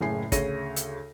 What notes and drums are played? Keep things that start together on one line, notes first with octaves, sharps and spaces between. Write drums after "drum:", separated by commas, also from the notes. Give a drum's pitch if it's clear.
F#1 A2 C#3 G#5 C7
D2 C#3 C#5 A#6 D#7, drum: kick, hi-hat
drum: hi-hat